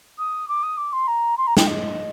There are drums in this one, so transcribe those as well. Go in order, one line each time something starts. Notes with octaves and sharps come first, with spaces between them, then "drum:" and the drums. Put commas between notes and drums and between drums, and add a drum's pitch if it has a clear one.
D#6
D6
D#6
D6
C6
A#5
C6
A#5
G5, drum: snare
D#5